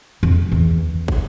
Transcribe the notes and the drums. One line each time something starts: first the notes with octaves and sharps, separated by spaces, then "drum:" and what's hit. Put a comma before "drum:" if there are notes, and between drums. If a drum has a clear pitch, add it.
F2
E2
drum: kick